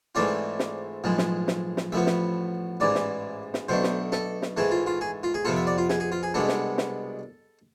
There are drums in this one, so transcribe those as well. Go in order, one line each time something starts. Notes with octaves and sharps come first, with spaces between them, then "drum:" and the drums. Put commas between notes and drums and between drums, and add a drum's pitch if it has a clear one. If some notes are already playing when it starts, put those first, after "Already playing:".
G#2 E3 A3 C4 F4 D5
drum: snare
B1 A2 F3 G#3
drum: snare
drum: snare
drum: snare
A1 A2 F3 B3 E5
drum: snare
A1 G#2 E3 D5
drum: snare
drum: snare
B1 B2 A3 D4 C5
drum: snare
A4, drum: snare
drum: snare
G#2 E3 A3 G#4
F4
F4
G#4
F4
G#4
F2 C3 F3 B3 F4 A4
E5
D5
F4
G#4, drum: snare
G#4
F4
G#4
C2 B2 G#3 B3 D4 A4
drum: snare
drum: snare